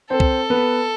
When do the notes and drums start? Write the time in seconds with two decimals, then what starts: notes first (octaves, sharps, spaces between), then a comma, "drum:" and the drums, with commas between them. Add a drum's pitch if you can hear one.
0.10 C4 A4 C5
0.20 drum: kick
0.50 B3 B4